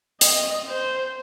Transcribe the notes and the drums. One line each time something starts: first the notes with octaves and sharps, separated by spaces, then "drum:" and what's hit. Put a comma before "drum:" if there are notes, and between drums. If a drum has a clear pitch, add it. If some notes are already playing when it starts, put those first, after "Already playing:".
D#5, drum: hi-hat
C5